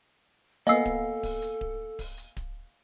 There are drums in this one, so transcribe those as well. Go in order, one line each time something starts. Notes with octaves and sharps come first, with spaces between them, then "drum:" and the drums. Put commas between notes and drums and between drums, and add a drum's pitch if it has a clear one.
A#3 B3 A4 D#5 F5 G#5 E6 C7, drum: hi-hat
drum: kick D1, hi-hat
drum: kick D1, open hi-hat
drum: hi-hat
drum: kick D1
drum: kick D1, open hi-hat
drum: hi-hat
drum: kick D1, hi-hat